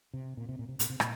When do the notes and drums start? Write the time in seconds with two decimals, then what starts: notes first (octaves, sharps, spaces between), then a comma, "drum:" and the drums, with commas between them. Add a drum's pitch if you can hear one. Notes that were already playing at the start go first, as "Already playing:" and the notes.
0.14 C3
0.37 A#2
0.49 C3
0.59 A#2
0.69 C3
0.79 A#2, drum: hi-hat
0.90 C3
1.00 A#2, drum: rim click